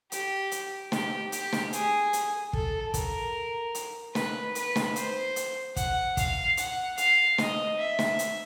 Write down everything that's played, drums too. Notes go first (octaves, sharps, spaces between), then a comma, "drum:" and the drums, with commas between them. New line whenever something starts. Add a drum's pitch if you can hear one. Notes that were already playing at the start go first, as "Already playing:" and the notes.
G4, drum: hi-hat
drum: hi-hat
G4, drum: snare
G4, drum: hi-hat
drum: snare
G#4, drum: hi-hat
drum: hi-hat
A4, drum: kick
A#4, drum: kick, hi-hat
drum: hi-hat
B4, drum: snare
B4, drum: hi-hat
drum: snare
C5, drum: hi-hat
drum: hi-hat
F#5, drum: kick, hi-hat
F5, drum: kick, hi-hat
F#5, drum: hi-hat
F5, drum: hi-hat
D#5, drum: snare
E5
drum: snare
drum: hi-hat